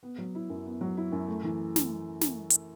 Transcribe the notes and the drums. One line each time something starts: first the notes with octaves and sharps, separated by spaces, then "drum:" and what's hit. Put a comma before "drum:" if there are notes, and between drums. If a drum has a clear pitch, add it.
B3
F#3
E4
F#2
B3
F#3
E4
F#2
A3
E3
drum: snare
drum: snare
drum: hi-hat